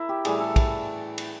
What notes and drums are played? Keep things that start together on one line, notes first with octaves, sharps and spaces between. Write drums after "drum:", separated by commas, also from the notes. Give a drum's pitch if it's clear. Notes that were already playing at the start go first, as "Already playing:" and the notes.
Already playing: E4 A#4
G4
A2 E3 G3 G#4, drum: cymbal
A4
A4, drum: kick, cymbal
drum: cymbal